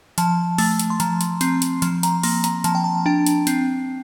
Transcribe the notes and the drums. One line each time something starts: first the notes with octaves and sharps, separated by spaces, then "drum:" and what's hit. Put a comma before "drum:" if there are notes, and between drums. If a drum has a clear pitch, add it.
F3 A5, drum: hi-hat
A3, drum: open hi-hat
drum: hi-hat
C6
F3 A#5, drum: hi-hat
drum: hi-hat
C4 C6, drum: hi-hat
drum: hi-hat
F3 C6, drum: hi-hat
A#5, drum: hi-hat
A#3 C6, drum: open hi-hat
A#5, drum: hi-hat
F3 A5, drum: hi-hat
G5
A5
D4 G5
drum: hi-hat
C4, drum: hi-hat